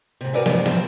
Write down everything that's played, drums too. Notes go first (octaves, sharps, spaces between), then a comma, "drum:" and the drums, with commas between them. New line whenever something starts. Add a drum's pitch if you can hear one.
G#2 C3
F#4 A#4 B4 D5 E5 G#5
F#2 A2 C3 D#3 G#3 D4, drum: snare
G#2 C4, drum: snare